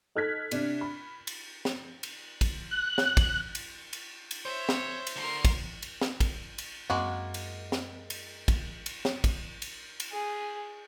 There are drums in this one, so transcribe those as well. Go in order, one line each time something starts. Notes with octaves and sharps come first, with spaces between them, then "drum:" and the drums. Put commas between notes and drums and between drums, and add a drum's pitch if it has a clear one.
D#4 A4 F6 F#6 G#6 B6
C3 D4, drum: cymbal
B5
drum: cymbal
drum: snare
drum: cymbal
drum: kick, cymbal
F#6
drum: snare
drum: kick, cymbal
drum: cymbal
drum: cymbal
drum: cymbal
C5 C#5 E5
drum: snare
drum: cymbal
D3 F#4 A#4 C6
drum: kick, cymbal
drum: cymbal
drum: snare
drum: kick, cymbal
drum: cymbal
F#2 G#3 A#3 C4 F#4
drum: cymbal
drum: snare
drum: cymbal
drum: kick, cymbal
drum: cymbal
drum: snare
drum: kick, cymbal
drum: cymbal
drum: cymbal
G#4